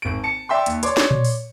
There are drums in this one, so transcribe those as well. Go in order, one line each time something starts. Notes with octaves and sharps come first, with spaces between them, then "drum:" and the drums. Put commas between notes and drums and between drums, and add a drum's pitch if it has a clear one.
G#1 D7
A5 C#7
D5 E5 G5 C6
D#2, drum: hi-hat
C#5 D5 C6 D6, drum: hi-hat
drum: snare
drum: tom A#2
drum: open hi-hat